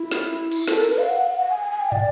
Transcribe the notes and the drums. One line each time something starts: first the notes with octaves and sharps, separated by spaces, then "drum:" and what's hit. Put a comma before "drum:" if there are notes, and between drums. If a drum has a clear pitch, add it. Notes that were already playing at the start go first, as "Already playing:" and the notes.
Already playing: E4
drum: snare
drum: cymbal
A4, drum: snare
A#4
B4
F5
F#5
F5
F#5
F#5
G#5
G#5
G#5
G5
D5, drum: tom